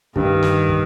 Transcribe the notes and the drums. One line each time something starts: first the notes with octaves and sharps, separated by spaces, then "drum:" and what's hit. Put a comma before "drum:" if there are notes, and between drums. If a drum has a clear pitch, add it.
G2 D#3 G3, drum: kick
drum: snare
drum: kick